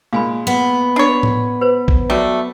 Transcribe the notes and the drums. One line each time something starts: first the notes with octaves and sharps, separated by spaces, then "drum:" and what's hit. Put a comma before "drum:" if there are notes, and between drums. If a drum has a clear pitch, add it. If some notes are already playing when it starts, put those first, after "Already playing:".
A#2 G#3 F5 G#5 B5
B3
D4 C#5
drum: tom A2
B4 C5
drum: kick A1
F#3 G3 A3